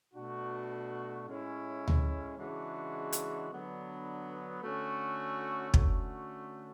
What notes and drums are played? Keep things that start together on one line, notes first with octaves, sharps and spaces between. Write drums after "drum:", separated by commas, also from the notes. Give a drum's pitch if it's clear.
B2 A3 D4 F#4
A2 G#3 C#4 E4
drum: tom D2
C#3 E3 G#3 D4 F#4
drum: hi-hat
D3 F#3 B3 D4
D3 A3 C#4 F#4
D3 A3 C#4 F#4, drum: kick